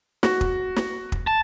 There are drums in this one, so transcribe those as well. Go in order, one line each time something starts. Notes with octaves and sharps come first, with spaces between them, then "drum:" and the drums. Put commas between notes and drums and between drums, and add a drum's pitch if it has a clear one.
F#4, drum: snare
drum: kick
drum: snare
drum: kick
A5